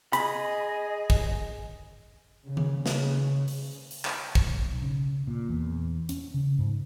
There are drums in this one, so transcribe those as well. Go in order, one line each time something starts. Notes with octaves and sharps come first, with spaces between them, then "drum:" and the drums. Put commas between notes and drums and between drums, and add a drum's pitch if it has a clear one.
G#4 D#5 B5, drum: hi-hat
drum: kick
C#3
drum: tom D#3
C#3, drum: snare
drum: open hi-hat
drum: open hi-hat
drum: clap
drum: kick
B1
C#3
A#2
E2
C#4, drum: hi-hat
C#3
G#2